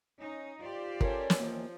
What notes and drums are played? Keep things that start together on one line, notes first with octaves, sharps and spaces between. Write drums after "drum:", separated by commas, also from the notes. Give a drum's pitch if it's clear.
C#4 D#4
F4 G4 C5 D5
C#4 A4 A#4, drum: kick
drum: snare
D#2 E3 F3 A#3